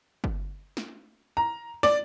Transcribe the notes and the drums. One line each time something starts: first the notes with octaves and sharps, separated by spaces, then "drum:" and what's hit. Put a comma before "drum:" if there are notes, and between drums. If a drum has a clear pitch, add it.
drum: kick G1
drum: snare
A#5
D5, drum: snare